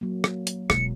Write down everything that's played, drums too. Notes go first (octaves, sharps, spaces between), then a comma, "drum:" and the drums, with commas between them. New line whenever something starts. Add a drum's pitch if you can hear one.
F#3 A#3
drum: rim click
drum: hi-hat
E1 G#3 C#7, drum: rim click